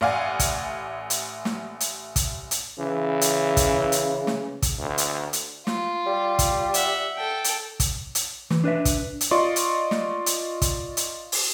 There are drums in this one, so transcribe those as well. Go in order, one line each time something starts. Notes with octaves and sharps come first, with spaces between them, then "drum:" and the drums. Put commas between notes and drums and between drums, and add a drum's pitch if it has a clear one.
A1 D5 F5 F#5 G#5
drum: kick, hi-hat
drum: hi-hat
drum: snare
drum: hi-hat
drum: kick, hi-hat
drum: hi-hat
C#3 E3
drum: hi-hat
drum: kick, hi-hat
drum: hi-hat
drum: snare
drum: kick, hi-hat
D2
drum: hi-hat
drum: hi-hat
F4, drum: snare
G3
drum: kick, hi-hat
E5 F#5, drum: hi-hat
A4 G5
drum: hi-hat
drum: kick, hi-hat
drum: hi-hat
E3, drum: snare
D4 B4 D5 E5
drum: kick, hi-hat
drum: hi-hat
F4 D5 D#5 C6 C#6
drum: hi-hat
drum: snare
drum: hi-hat
drum: kick, hi-hat
drum: hi-hat
drum: open hi-hat